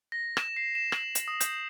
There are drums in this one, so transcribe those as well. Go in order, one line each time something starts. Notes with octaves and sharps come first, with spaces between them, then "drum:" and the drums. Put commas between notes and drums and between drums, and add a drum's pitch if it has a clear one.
A#6
E7, drum: rim click
C7
E7
F#7, drum: rim click
drum: hi-hat
D#6
G6, drum: hi-hat